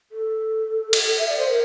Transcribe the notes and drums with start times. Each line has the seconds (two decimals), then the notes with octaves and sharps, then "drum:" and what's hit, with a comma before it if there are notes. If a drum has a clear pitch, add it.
0.12 A4
0.93 drum: cymbal
1.18 E5
1.29 D5
1.39 C5
1.49 A#4